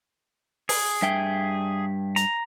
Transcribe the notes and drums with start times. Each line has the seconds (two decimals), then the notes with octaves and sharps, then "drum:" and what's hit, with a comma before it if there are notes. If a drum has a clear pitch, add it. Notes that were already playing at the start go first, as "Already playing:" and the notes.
0.69 G#4, drum: open hi-hat
1.02 G2 E5 G5
2.16 A#5, drum: hi-hat